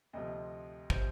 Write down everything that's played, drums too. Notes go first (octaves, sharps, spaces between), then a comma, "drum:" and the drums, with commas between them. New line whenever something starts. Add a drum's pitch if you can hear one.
D2 C3 F3 D#5
C3 F3 C5, drum: kick